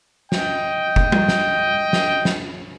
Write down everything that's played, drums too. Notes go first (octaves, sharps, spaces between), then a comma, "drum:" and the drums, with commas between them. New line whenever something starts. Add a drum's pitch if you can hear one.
D#5 G5, drum: snare
drum: kick F1
drum: tom G3
drum: snare
drum: snare
drum: snare